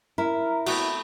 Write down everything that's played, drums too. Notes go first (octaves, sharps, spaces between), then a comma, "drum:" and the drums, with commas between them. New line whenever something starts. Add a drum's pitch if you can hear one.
E4 A#4
A3 B3 C4 F#4, drum: cymbal